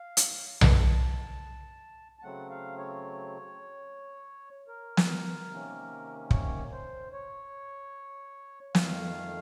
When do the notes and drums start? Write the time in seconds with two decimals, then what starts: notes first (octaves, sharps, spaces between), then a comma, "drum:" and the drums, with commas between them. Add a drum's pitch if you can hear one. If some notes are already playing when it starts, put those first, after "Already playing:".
Already playing: F5
0.17 drum: hi-hat
0.61 A5, drum: tom B1
2.19 A5
2.23 C#3 F#3 A3 C4 F#5
2.50 F5
2.78 C#5
4.68 A#4
4.97 drum: snare
5.49 C3 D#3 A#3 C#4
6.31 C#5, drum: kick
6.72 C5
7.13 C#5
8.75 F2 D#3 A3 F5, drum: snare